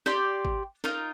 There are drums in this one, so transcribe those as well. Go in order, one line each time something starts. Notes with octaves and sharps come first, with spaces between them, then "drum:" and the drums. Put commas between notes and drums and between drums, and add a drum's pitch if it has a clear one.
G4 D5 C6, drum: snare
drum: kick G#1
D#4 F4 A#4, drum: snare